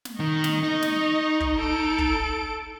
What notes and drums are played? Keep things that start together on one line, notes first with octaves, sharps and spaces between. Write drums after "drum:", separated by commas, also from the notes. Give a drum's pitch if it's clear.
drum: snare
D#3 D#5 C#6
drum: snare
D#4
drum: snare
drum: kick
A4 D7
drum: kick